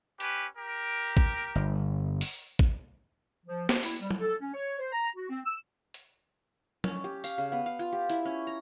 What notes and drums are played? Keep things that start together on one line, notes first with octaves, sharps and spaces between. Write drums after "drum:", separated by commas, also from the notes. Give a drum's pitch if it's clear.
C#4 G4 B4, drum: hi-hat
G4 A#4
drum: kick A1
G1
drum: open hi-hat
drum: kick A1
F3
C5, drum: snare
E4, drum: open hi-hat
G3
drum: tom F#3
A4
C#4
C#5
C5
A#5
F#4
C4
E6
drum: hi-hat
C#4, drum: tom F#3
G4
F5, drum: tambourine
C#3
B3
F5
F4
G4
E4, drum: hi-hat
C#4
A#5